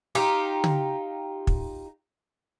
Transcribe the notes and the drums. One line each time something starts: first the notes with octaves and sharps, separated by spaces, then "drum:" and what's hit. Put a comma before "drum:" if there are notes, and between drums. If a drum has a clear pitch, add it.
D#4 F4 G4, drum: rim click
drum: tom
drum: kick